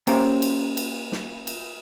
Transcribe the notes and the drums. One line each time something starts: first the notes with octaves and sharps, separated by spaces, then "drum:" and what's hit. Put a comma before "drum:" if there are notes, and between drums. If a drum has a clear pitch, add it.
A#3 C#4 G4 C5 A#5, drum: cymbal
drum: cymbal
drum: cymbal
drum: snare
drum: cymbal